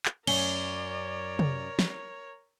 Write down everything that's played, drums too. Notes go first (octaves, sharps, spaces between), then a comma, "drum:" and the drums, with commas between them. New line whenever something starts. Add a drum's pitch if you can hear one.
drum: clap
F#2 C#4 A#4 C#5 D5 G7, drum: cymbal
drum: tom
drum: snare